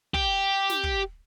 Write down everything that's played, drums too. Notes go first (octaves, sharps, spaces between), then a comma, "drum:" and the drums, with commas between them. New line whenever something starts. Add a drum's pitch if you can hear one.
G4, drum: kick
drum: snare
drum: kick